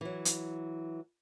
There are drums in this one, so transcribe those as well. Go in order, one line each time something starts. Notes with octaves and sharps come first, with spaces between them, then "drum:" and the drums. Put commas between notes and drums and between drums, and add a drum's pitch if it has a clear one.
E3 F#3
drum: hi-hat